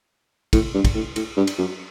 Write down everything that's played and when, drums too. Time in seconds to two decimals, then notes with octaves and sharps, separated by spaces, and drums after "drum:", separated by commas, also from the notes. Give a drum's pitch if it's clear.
0.53 A2, drum: kick, cymbal
0.74 G2
0.85 drum: kick, cymbal
0.95 A2
1.16 A2, drum: cymbal
1.37 G2
1.47 drum: cymbal
1.58 F#2